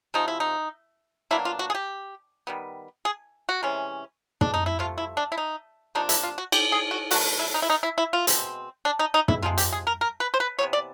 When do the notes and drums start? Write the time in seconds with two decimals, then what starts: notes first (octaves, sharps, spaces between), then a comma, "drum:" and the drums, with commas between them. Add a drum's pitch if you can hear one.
0.14 C3 F3 G#3 D#4
0.28 E4
0.40 D#4
1.31 B2 F#3 A#3 D4 E4
1.45 F4
1.59 F#4
1.70 G#4
1.75 G4
2.47 D#3 G3 B3
3.05 G#4
3.49 F#4
3.63 C3 E3 G#3 C#4
4.41 D4, drum: tom
4.54 D#4
4.66 E4
4.79 C3 F3 A3 F4
4.98 E4
5.17 D4
5.32 E4
5.37 D#4
5.95 C3 F3 A#3 D4 D#4
6.09 E4, drum: hi-hat
6.23 F4
6.38 F#4
6.52 G4, drum: cymbal
6.72 G#4
6.91 F#4
7.11 B2 F#3 A3 F#4, drum: open hi-hat
7.39 E4
7.54 D#4
7.62 E4
7.70 D#4
7.83 E4
7.98 E4
8.13 F4
8.27 B2 G#3 C4, drum: hi-hat
8.85 D4
8.99 D#4
9.14 D#4
9.28 E4, drum: tom
9.42 C3 F3 G#3 F4
9.58 G4, drum: hi-hat
9.73 G#4
9.87 A#4
10.01 A#4
10.20 B4
10.34 C5
10.40 B4
10.59 C3 E3 G3 B3 C#5
10.73 D5